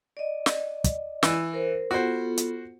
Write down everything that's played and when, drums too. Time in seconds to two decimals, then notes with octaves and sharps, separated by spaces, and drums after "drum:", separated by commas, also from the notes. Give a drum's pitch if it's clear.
0.17 D5 D#5
0.46 drum: snare
0.84 drum: kick, hi-hat
1.23 E3 E6, drum: snare
1.53 A#4 C5
1.91 B3 F4 F#4 A4 C5
2.38 drum: hi-hat